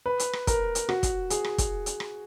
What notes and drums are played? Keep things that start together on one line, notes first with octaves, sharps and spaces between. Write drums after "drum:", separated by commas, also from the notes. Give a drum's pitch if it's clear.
B4
drum: hi-hat
drum: rim click
A#4, drum: kick, hi-hat
drum: hi-hat
F#4, drum: rim click
drum: kick, hi-hat
G#4, drum: hi-hat
drum: rim click
drum: kick, hi-hat
drum: hi-hat
drum: rim click